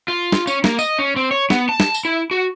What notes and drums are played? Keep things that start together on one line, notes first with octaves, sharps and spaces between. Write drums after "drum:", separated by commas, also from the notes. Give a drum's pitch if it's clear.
F4
drum: snare
C#4, drum: tambourine
A#3, drum: snare
D#5, drum: tambourine
C#4
C4
C#5
B3, drum: snare
A5
drum: snare
drum: tambourine
E4
F#4